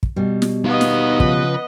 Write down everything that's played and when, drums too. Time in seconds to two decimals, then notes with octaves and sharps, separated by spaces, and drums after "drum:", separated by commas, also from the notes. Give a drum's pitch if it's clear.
0.03 drum: kick
0.16 B2 G3
0.42 drum: snare
0.65 B3 D#4 D#5 F5
0.81 drum: snare
1.20 C#3 F3 B4, drum: kick